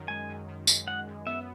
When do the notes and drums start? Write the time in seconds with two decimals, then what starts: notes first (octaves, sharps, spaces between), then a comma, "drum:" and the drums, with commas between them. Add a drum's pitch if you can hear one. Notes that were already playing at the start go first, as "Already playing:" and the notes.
Already playing: F#2 D#3
0.08 G#3 G#5
0.29 F#2
0.48 D#3
0.67 F#2, drum: tambourine
0.86 G#3 F#5
1.07 F#2
1.26 B3 E5